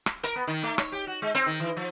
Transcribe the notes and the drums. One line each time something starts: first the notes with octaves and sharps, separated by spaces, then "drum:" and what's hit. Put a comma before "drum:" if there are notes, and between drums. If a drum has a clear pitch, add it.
drum: rim click
A#4, drum: hi-hat
B3
D#3
A3
C#5, drum: rim click
G4
F#4
G#3
C4, drum: hi-hat
D#3
E3
F3